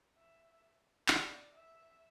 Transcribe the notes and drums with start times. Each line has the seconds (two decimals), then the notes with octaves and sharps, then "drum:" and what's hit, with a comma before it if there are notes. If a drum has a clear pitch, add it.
0.17 E5
1.08 D5, drum: clap
1.54 E5